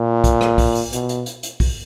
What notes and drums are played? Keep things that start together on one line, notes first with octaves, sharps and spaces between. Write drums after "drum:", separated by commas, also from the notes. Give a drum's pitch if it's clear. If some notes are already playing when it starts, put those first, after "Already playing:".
Already playing: A#2
drum: kick, hi-hat
drum: rim click
drum: kick, open hi-hat
drum: open hi-hat
B2, drum: hi-hat
drum: hi-hat
drum: hi-hat
drum: hi-hat
drum: kick, open hi-hat